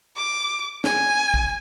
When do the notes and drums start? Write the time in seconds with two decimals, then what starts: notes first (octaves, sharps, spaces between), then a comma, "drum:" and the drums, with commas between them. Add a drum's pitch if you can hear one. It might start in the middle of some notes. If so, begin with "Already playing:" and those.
0.17 D6
0.84 G#5, drum: snare
1.34 drum: kick